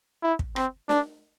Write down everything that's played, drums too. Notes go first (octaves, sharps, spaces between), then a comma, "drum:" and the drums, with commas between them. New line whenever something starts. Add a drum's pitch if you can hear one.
E4
drum: kick
C4, drum: rim click
D4, drum: snare